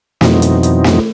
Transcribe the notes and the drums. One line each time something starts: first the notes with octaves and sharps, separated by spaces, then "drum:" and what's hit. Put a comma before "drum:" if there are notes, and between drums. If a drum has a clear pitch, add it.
F2 B2 E3 F#3 C4 D#4, drum: snare
drum: hi-hat
drum: hi-hat
drum: snare